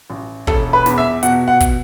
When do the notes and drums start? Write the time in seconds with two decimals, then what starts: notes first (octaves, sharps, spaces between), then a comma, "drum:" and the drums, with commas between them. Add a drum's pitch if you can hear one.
0.10 A1
0.47 E1 A4, drum: kick
0.73 B4
0.86 E2, drum: snare
0.98 E5
1.23 B2 F#5, drum: hi-hat
1.48 F#5
1.60 drum: kick, hi-hat